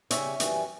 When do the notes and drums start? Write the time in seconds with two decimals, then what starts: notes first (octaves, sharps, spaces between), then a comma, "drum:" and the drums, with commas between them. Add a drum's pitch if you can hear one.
0.10 C#3 G3 C#4 C#5 E5, drum: hi-hat
0.40 F#2 E3 G3 C#4, drum: hi-hat